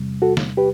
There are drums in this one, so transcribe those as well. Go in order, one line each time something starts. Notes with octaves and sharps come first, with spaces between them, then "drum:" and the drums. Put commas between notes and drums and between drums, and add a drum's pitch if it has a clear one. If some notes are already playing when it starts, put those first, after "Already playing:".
Already playing: E2 C3 G3
F#4 A4
drum: snare
G4 B4